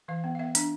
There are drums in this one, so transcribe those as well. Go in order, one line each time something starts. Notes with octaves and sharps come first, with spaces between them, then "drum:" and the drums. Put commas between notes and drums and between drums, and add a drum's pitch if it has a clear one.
E3 F5
B3
F5
B3 E5
D4, drum: hi-hat